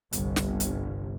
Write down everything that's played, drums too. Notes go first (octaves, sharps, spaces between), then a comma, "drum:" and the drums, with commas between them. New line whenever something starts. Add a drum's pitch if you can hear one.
G1 C2, drum: hi-hat
drum: snare
drum: hi-hat